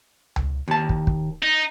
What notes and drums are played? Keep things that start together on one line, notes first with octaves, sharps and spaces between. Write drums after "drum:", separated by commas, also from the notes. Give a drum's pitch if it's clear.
drum: tom C#2
D#2 A5
drum: kick
drum: kick
D#4